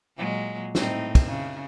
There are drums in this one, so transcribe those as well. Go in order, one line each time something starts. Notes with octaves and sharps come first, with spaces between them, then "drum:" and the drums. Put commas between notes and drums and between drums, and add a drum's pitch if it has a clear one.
A#2 F#3 G#3
A2 C4 D#4, drum: snare
drum: kick, cymbal
C#3